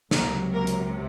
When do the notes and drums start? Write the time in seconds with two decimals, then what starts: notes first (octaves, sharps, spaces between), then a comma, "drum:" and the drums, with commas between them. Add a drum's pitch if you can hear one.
0.11 C#2 C3 F#3 A#3 A#4, drum: snare
0.53 A#3 A#4
0.67 drum: hi-hat